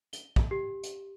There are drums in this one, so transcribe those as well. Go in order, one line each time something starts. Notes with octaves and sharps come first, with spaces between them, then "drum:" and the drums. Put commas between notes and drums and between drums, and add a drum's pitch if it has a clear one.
G7, drum: hi-hat
drum: kick
G4
drum: hi-hat